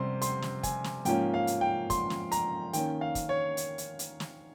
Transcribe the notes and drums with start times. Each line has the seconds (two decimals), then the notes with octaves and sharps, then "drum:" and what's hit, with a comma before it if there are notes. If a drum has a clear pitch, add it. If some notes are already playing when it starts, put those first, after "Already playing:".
Already playing: C3 G3 C4 C6
0.22 C6, drum: hi-hat
0.42 drum: snare
0.63 G#5, drum: kick, hi-hat
0.84 drum: snare
1.05 G#2 F3 A#3 C#4 G5, drum: hi-hat
1.34 F5
1.47 drum: hi-hat
1.61 G5
1.90 C6, drum: kick, hi-hat
2.10 drum: snare
2.32 A#5, drum: hi-hat
2.73 D#3 A#3 C#4 G5, drum: hi-hat
3.01 F5
3.15 drum: kick, hi-hat
3.29 C#5
3.57 drum: hi-hat
3.78 drum: hi-hat
3.99 drum: hi-hat
4.20 drum: snare